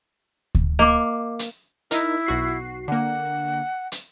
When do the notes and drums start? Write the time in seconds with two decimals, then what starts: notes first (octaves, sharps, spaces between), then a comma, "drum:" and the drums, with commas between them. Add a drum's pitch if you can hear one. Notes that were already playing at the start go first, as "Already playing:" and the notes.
0.55 drum: kick D2
0.79 A#3 D#5 D6
1.39 drum: hi-hat
1.91 D#4 E4 A#4, drum: hi-hat
2.26 B1 F#4 C7
2.88 D3 A#3 F#5
3.92 drum: hi-hat